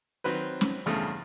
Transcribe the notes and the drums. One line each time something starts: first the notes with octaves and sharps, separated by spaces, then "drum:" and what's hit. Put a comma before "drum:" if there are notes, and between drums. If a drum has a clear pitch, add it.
D#3 F#3 C4 B4
drum: snare C#4
E2 G2 C#3 A3 D#6